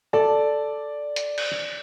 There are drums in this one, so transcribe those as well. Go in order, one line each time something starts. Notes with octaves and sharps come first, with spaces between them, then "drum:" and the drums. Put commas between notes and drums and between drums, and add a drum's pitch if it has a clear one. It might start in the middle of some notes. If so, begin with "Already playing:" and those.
A4 D5 A5
drum: hi-hat
drum: cymbal